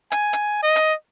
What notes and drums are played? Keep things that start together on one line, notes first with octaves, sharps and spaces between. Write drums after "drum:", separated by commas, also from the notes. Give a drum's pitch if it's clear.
G#5, drum: hi-hat
drum: hi-hat
D#5
drum: hi-hat